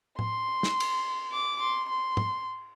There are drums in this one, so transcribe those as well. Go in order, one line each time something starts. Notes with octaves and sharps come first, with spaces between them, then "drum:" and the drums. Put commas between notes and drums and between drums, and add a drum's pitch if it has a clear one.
C6, drum: tom A2
drum: snare
drum: cymbal
D6
C6
C6
drum: tom G#2